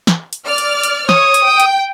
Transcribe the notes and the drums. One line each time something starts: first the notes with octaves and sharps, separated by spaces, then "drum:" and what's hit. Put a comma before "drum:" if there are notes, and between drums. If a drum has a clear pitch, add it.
drum: snare
drum: hi-hat
D5 F6
drum: hi-hat
drum: hi-hat
C#5 D#6, drum: snare
drum: hi-hat
G5
drum: hi-hat